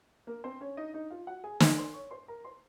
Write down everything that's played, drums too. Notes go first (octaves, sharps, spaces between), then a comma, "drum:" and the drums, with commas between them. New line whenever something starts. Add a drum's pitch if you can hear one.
A#3 A#4
C4 C5
C#4 C#5
D#4 D#5
D#4 D#5
F4 F5
F#4 F#5
G#4 G#5
C5 C6, drum: snare
C5 C6
C#5 C#6
C5 C6
A#4 A#5
C5 C6